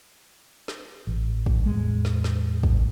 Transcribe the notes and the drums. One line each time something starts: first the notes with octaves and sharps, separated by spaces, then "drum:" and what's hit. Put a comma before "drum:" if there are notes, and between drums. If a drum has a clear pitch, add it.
drum: snare
A1
drum: kick
E2 A2 G#3
drum: snare
drum: snare
drum: kick